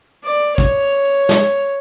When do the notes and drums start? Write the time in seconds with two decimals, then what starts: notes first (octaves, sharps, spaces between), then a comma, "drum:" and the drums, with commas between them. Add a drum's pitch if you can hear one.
0.24 D5
0.58 C#5, drum: kick
1.29 drum: snare